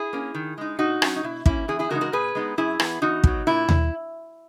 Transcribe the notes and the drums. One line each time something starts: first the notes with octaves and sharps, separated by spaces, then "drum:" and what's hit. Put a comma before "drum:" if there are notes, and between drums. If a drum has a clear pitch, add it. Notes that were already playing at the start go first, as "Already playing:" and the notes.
Already playing: E4 G#4
A#3 C#4
D#3
G#3 D#4
A#2 D#4 F#4
F#3 C#4, drum: rim click
D#4
B2 E4
A#3 C#4 E4, drum: kick
E2 E4 G#4
E4 G#4
C#3 E3 G#3 D#4 F#4 A#4
F#4 A#4
A#2 G#4 B4
G#3 B3 D#4
F#2 E4 G#4
E3 B3, drum: rim click
E2 D#4 F#4
B2 F#3, drum: kick
A#2 E4
drum: tom D#2